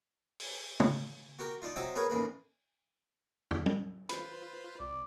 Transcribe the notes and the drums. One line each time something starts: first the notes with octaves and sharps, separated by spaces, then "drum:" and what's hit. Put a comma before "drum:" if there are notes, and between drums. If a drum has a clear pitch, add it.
drum: open hi-hat
drum: tom
F#4 G4 A#4
D4 D#4 F4
C3 F#3 D#4 E5 G5 D6
G#4 A#4 B4 C#5 F5
A1 D#2 A#3 B4
drum: tom
drum: tom G3
F4 B4 C5 B5, drum: hi-hat
C2 D5